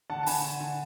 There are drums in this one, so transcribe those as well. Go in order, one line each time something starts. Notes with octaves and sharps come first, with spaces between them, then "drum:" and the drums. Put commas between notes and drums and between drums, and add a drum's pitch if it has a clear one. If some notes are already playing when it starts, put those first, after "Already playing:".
D3 F#5 A5
A5
D3 G#5 B5, drum: open hi-hat
D3
D3